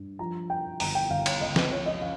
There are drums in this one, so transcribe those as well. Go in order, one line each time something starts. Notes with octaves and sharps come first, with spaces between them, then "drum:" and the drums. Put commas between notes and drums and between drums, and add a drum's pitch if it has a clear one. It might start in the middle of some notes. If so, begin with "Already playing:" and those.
Already playing: G2
F3 A#5
F3 G5
G1 A#5, drum: open hi-hat
G5
G1 F5
C#5, drum: cymbal
C#2 D#5
D#5, drum: snare
F3 C#5
D#5
C#3 F5